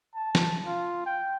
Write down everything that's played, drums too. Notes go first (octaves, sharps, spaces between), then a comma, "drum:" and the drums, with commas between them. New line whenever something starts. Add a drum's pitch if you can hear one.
A5
drum: snare
F4
G5